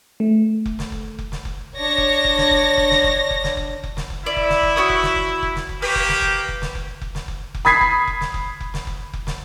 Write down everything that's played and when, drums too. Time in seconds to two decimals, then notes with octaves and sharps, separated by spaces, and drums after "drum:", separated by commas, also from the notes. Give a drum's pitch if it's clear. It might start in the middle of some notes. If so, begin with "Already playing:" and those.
0.20 A3
0.66 drum: kick F1
0.79 drum: snare
0.92 drum: kick F1
1.19 drum: kick F1
1.32 drum: snare
1.45 drum: kick F1
1.80 D4 C#5 A#6
1.98 drum: kick F1
2.25 drum: kick F1
2.38 drum: snare
2.51 drum: kick F1
2.78 drum: kick F1
2.91 drum: snare
3.04 drum: kick F1
3.31 drum: kick F1
3.44 drum: snare
3.57 drum: kick F1
3.84 drum: kick F1
3.97 drum: snare
4.10 drum: kick F1
4.26 E4 D5
4.37 drum: kick F1
4.50 drum: snare
4.63 drum: kick F1
4.76 F#4 C#5 D#6
4.90 drum: kick F1
5.03 drum: snare
5.16 drum: kick F1
5.43 drum: kick F1
5.56 drum: snare
5.69 drum: kick F1
5.82 A#3 G4 B4 C#5
5.96 drum: kick F1
6.09 drum: snare
6.22 drum: kick F1
6.49 drum: kick F1
6.62 drum: snare
6.75 drum: kick F1
7.01 drum: kick F1
7.15 drum: snare
7.28 drum: kick F1
7.54 drum: kick F1
7.65 B5 D#6 G#6 B6 C7, drum: snare
7.81 drum: kick F1
8.07 drum: kick F1
8.21 drum: snare
8.34 drum: kick F1
8.60 drum: kick F1
8.74 drum: snare
8.87 drum: kick F1
9.13 drum: kick F1
9.27 drum: snare